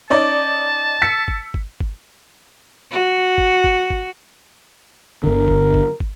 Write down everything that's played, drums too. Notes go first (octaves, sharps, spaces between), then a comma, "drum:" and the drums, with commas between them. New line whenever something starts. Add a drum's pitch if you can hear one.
C#4 D#4 D5 A5
E6 B6 C#7
drum: kick
drum: kick
drum: kick
F#4
drum: kick
drum: kick
drum: kick
G1 D3 A#4
drum: kick
drum: kick
drum: kick